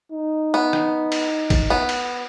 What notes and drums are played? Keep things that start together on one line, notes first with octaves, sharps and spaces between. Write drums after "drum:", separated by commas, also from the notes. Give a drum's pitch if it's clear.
D#4
B3
drum: rim click
drum: cymbal
drum: kick A1, cymbal
B3
drum: cymbal